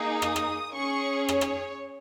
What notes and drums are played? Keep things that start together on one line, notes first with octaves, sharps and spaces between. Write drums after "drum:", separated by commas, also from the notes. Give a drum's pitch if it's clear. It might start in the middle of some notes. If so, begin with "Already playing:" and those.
Already playing: A#3 D#4 G#4
D#6, drum: rim click
drum: rim click
C#4 G#4 C#6
C#5, drum: rim click
drum: rim click